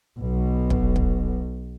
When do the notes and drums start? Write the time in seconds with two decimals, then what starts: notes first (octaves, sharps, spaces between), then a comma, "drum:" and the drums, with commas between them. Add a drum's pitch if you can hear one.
0.20 B1 B2
0.70 drum: kick
0.96 drum: kick